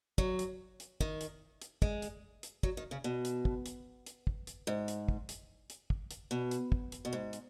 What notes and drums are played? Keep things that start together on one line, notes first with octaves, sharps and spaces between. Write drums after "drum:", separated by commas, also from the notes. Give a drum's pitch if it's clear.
F#3, drum: kick
drum: hi-hat
drum: hi-hat
D#3, drum: kick
drum: hi-hat
drum: hi-hat
G#3, drum: kick
drum: hi-hat
drum: hi-hat
F#3, drum: kick
D#3
C#3
B2
drum: hi-hat
drum: kick
drum: hi-hat
drum: hi-hat
drum: kick
drum: hi-hat
G#2
drum: hi-hat
drum: kick
drum: hi-hat
drum: hi-hat
drum: kick
drum: hi-hat
B2
drum: hi-hat
drum: kick
drum: hi-hat
B2
G#2
drum: hi-hat